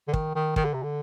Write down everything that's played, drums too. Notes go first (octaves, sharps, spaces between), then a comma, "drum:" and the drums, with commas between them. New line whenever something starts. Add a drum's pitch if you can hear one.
D3
D#3, drum: kick
D#3
D#3, drum: kick
D3
C3
D3